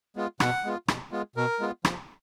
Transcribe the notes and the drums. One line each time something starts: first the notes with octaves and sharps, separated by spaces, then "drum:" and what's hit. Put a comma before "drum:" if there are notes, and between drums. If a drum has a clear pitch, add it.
G#3 B3 F4
B2 F#5, drum: rim click
G#3 B3 F4
B2, drum: rim click
G#3 B3 F4
B2 A#4
G#3 B3 F4
F3, drum: rim click